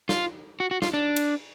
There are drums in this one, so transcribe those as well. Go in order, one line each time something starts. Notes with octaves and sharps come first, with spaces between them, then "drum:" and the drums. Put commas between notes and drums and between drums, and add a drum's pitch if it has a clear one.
F4, drum: snare
F#4
F#4
F4, drum: snare
D4
drum: cymbal